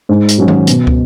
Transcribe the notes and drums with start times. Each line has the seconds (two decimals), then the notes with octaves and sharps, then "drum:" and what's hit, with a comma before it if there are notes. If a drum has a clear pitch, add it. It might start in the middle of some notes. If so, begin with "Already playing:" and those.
0.09 G#2
0.28 drum: hi-hat
0.38 F#3 C#4 F#4
0.48 drum: tom D#3
0.67 B2, drum: hi-hat
0.87 drum: kick